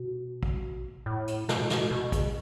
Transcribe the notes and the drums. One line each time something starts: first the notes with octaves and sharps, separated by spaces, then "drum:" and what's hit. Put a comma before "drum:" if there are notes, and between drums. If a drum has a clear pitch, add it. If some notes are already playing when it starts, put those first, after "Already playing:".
Already playing: B2
drum: kick
A2
drum: hi-hat
B2, drum: snare
drum: snare
B2
C#3, drum: kick, hi-hat